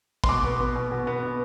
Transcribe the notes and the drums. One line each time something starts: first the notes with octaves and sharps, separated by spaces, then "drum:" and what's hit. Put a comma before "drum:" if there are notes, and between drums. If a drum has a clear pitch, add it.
C6, drum: kick A1
B2 D6
B3
B3
B2
B2
B3
B3